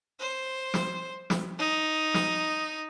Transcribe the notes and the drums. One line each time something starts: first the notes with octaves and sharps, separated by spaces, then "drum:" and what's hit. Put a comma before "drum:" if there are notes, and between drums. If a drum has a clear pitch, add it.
C5
drum: snare
drum: snare
D#4
drum: snare